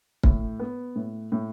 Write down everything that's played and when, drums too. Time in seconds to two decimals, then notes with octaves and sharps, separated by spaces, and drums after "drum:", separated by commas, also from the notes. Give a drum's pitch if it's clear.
0.23 A2, drum: kick
0.59 B3
0.96 A2
1.32 A2